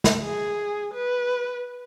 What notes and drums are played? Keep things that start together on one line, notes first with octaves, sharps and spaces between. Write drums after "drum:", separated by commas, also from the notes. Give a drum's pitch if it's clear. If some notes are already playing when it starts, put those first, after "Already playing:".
drum: snare
G#4
B4